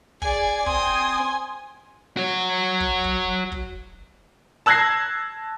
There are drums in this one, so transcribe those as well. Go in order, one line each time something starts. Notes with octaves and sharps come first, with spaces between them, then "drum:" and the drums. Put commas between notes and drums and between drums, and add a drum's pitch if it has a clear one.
G#4 D5 G#5, drum: kick
C4 C6 D#6, drum: kick
F#4 C#5
drum: kick
drum: kick
drum: kick
A5 E6 F#6 G#6 A#6 C7